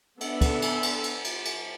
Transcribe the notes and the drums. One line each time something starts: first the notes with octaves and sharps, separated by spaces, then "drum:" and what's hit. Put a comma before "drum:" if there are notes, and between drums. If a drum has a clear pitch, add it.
B3 D4 A4 E5, drum: cymbal
drum: kick, cymbal
drum: cymbal
drum: cymbal
drum: cymbal
drum: cymbal
drum: cymbal